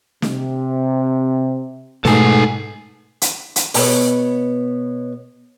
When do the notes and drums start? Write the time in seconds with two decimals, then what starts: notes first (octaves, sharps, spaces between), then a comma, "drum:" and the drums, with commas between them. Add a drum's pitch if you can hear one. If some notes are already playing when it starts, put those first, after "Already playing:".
0.22 C3, drum: snare
2.05 G#2 B2 A3 D#4 A4 G#5, drum: snare
3.22 drum: hi-hat
3.56 drum: hi-hat
3.74 B2 B3 C#5, drum: open hi-hat